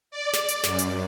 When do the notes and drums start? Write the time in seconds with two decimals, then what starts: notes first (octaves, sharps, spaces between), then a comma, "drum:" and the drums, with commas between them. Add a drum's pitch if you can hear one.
0.11 D5
0.33 drum: snare
0.48 drum: hi-hat
0.63 F#2, drum: snare
0.79 drum: hi-hat